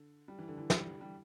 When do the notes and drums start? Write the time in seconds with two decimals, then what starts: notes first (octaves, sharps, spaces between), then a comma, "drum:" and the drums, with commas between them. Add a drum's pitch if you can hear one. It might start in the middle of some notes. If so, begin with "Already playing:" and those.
Already playing: D3
0.28 G3
0.38 E3
0.48 D3
0.58 E3
0.70 G3, drum: snare
1.01 G3